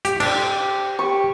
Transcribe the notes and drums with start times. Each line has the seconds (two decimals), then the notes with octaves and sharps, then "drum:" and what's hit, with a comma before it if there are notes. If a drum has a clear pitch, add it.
0.05 G4, drum: hi-hat
0.20 D4 G4, drum: cymbal
0.99 G4 C#6